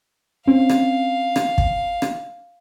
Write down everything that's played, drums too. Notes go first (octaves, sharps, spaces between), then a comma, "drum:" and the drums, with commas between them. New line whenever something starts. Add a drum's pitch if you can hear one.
C4 C#4 F5
drum: rim click
drum: rim click
drum: kick
drum: rim click